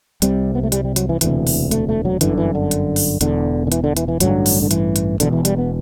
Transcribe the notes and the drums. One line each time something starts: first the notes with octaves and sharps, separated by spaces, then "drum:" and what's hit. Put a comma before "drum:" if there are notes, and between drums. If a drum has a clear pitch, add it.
C2 C3 G3, drum: hi-hat
B3
A3
G3, drum: hi-hat
G3
F#3, drum: hi-hat
E3
E1 D2 C3 E3, drum: hi-hat
drum: open hi-hat
A3, drum: hi-hat
A3
F#3
G1 F#2 D3 E3, drum: hi-hat
E3
D3
drum: hi-hat
drum: open hi-hat
E1 E2 D3, drum: hi-hat
D3
E3, drum: hi-hat
D3
E3, drum: hi-hat
E3
A1 G2 D3 F#3, drum: hi-hat
drum: open hi-hat
D3
E3, drum: hi-hat
drum: hi-hat
E1 E2 B2 D3, drum: hi-hat
E3
G3, drum: hi-hat
B3